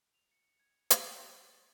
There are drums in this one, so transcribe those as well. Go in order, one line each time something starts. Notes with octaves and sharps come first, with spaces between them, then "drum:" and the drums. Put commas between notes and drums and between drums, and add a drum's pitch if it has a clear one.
F7
C#7
G#6
B6, drum: hi-hat
F7
A6